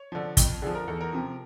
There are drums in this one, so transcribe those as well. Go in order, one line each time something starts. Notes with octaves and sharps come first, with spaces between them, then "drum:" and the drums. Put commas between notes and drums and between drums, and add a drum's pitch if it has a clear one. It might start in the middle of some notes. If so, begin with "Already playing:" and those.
Already playing: C#5
D3 F3
F2, drum: kick, hi-hat
D3 F3 G#4
A#4
E2 A4
A#4
C3 F3